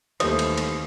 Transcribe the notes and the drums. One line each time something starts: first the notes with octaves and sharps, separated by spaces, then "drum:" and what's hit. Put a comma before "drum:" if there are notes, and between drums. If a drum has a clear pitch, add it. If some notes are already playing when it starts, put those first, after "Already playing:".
D#2 E3 G3 A3 C5 D#6, drum: cymbal
drum: cymbal
drum: cymbal